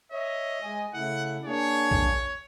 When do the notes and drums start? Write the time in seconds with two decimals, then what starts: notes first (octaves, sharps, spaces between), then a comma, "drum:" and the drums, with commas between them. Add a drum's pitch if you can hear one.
0.12 C#5 D#5 E5
0.63 G#3 G#5
0.94 C#3 A3 E4 F#5
1.45 A#3 D4 G#4 C#5
1.91 drum: kick A#1